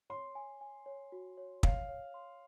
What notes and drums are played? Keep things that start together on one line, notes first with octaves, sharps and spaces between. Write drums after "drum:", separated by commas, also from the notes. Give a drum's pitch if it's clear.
C#5 C6
G#5
G#5
C#5
F#4
C#5
C#5 F5, drum: kick
C#5
C6